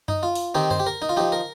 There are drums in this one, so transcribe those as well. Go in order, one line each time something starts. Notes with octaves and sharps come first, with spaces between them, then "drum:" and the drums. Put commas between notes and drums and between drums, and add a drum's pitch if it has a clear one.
D#4, drum: tom F#2
F4
drum: open hi-hat
D#3 C4 D#4 G4
C5, drum: tom F#2
G4
A#4
D#4
F4
F3 D#4 G4
A#4